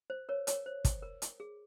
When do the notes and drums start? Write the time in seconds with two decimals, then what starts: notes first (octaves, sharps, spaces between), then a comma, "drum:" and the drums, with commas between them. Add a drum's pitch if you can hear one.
0.10 C5
0.29 A#4 C#5
0.47 A#4 C#5, drum: hi-hat
0.66 C5
0.85 drum: kick, hi-hat
1.03 A#4
1.22 drum: hi-hat
1.40 G#4